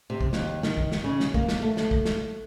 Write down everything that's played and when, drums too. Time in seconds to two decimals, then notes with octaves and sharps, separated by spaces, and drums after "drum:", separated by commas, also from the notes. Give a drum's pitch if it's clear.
0.10 C3
0.21 drum: kick
0.33 D#2, drum: snare
0.63 D#3, drum: snare
0.78 drum: kick
0.92 drum: snare
1.04 C#3
1.20 drum: snare
1.34 A#3, drum: kick
1.49 drum: snare
1.62 A3
1.77 drum: snare
1.91 drum: kick
2.05 drum: snare